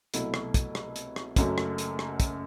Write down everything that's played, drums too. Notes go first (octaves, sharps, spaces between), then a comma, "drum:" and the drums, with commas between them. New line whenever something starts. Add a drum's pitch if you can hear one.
C2 B2 F#3 A3 E4, drum: hi-hat
drum: rim click
drum: kick, hi-hat
drum: rim click
drum: hi-hat
drum: rim click
F#1 F#2 F#3 A3, drum: kick, hi-hat
drum: rim click
drum: hi-hat
drum: rim click
drum: kick, hi-hat